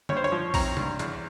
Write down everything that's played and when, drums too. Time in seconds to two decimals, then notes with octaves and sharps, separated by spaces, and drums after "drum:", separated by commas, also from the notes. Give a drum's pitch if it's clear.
0.09 G2 C#5, drum: tom D3
0.17 C5
0.24 C#5
0.32 F3
0.54 C4 A#5, drum: kick, open hi-hat
0.77 G2, drum: tom C3
0.99 E2, drum: hi-hat